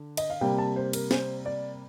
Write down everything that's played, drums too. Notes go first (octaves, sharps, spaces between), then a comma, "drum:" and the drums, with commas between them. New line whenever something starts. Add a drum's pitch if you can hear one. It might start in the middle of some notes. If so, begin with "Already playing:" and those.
Already playing: D3
D#5, drum: cymbal
F5
C3 G3 A#3 G5
A5
C5
A#4, drum: cymbal
C5, drum: snare
D5